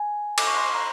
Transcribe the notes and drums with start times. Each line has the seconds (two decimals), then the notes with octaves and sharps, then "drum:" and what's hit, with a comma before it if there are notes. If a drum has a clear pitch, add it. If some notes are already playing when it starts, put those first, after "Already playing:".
Already playing: G#5
0.38 D6, drum: cymbal
0.47 C#6
0.57 C6
0.66 B5
0.75 A#5